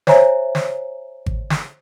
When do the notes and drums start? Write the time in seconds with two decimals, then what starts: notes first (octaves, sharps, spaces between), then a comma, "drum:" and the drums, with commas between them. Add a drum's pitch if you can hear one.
0.07 C5 C#5 E5 G#5 A#5, drum: snare
0.55 drum: snare
1.26 drum: kick G#1
1.50 drum: snare